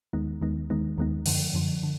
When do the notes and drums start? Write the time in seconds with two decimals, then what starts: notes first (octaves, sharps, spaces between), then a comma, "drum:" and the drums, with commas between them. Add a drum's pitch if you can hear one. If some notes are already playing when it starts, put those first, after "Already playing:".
0.13 D#2 D#3 G#3 B3 D#4
0.41 D#2 D#3 G#3 B3 D#4
0.70 D#2 D#3 G#3 B3 D#4
0.98 D#2 D#3 G#3 B3 D#4
1.26 F#2 D3 F3, drum: open hi-hat
1.53 F#2 D3 F3
1.83 D3